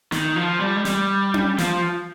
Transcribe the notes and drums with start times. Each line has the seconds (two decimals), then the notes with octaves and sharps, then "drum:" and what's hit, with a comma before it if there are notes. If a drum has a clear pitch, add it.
0.12 D#3, drum: snare
0.36 F3
0.60 G3
0.77 G#3
0.85 G3, drum: snare
1.34 drum: tom C#4
1.58 F3, drum: snare